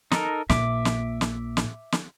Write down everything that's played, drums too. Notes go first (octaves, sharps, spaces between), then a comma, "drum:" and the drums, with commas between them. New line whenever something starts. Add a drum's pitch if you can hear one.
D#4 A4 A#4, drum: snare
A#1 A#2 E5 D6, drum: snare
drum: snare
drum: snare
drum: snare
drum: snare